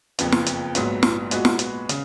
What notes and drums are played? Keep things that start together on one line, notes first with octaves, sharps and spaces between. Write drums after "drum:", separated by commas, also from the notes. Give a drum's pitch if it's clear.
F#1 F2 F3 B3, drum: hi-hat
drum: snare
drum: hi-hat
A#1 G#2 F#3 B3, drum: hi-hat
drum: snare
A#2 G#3 B3 F#4 B4, drum: hi-hat
drum: snare
drum: hi-hat
C#3, drum: hi-hat